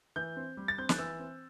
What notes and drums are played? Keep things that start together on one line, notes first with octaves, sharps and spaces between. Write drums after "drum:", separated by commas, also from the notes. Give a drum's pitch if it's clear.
E3 G6
C4
G3
A6
C4 G6
F#6, drum: snare
E3 E6
C4